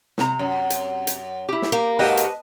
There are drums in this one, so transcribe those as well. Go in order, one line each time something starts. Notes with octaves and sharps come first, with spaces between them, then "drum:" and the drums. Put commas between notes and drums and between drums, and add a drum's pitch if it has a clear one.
C3 A#5, drum: snare
F#2
drum: hi-hat
drum: hi-hat
E4 G4
drum: snare
A#3 G4
G#2 F#4 G4 B4 D#5 A5
drum: hi-hat